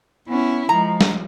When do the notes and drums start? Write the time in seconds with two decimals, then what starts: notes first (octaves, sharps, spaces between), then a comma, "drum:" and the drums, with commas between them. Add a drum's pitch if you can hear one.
0.28 B3 C#4 E4
0.69 F3 G#3 A#5
1.01 drum: snare